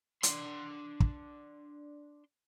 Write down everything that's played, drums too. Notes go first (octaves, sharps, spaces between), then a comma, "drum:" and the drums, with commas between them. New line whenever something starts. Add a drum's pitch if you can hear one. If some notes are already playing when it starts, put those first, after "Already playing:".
D4 C6, drum: hi-hat
drum: kick